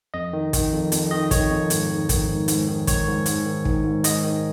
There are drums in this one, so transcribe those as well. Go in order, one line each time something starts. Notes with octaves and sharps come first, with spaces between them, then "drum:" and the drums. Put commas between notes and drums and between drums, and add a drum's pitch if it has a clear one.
F2 D#5
D#3
D#3, drum: kick, hi-hat
F2
F2, drum: hi-hat
D#3 D#5
D#3 C#5, drum: kick, hi-hat
F2
G#2, drum: hi-hat
D#3
D#3, drum: kick, hi-hat
G#2
G#2, drum: hi-hat
D#3
D#3 C#5, drum: kick, hi-hat
G#2
G#2, drum: hi-hat
D#3
D#3, drum: kick
G#2
G#2 D#5, drum: hi-hat
D#3